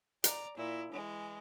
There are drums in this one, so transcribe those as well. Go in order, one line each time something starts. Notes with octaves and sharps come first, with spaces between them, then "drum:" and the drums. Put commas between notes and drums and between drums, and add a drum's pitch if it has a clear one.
D5 A#5, drum: hi-hat
A#2 E4
E3 G#3